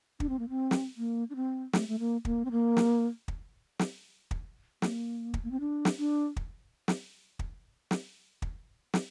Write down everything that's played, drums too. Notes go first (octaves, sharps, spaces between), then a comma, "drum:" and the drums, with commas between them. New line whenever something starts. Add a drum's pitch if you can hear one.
D4, drum: kick
C4
A#3
C4
drum: snare
A#3
D4
C4
A3, drum: snare
A3
A#3
A#3, drum: kick
C4
A#3
drum: snare
drum: kick
drum: snare
drum: kick
A#3, drum: snare
drum: kick
A#3
C4
D4
drum: snare
D4
drum: kick
drum: snare
drum: kick
drum: snare
drum: kick
drum: snare